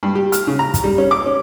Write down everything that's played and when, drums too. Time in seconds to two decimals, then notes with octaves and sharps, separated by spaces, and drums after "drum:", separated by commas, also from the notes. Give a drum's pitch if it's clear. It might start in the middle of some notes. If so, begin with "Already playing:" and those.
0.03 G2
0.15 G4
0.32 F6, drum: hi-hat
0.47 C#3
0.59 A#5
0.74 drum: kick, hi-hat
0.84 G3
0.98 C#4
1.11 D6
1.26 C#4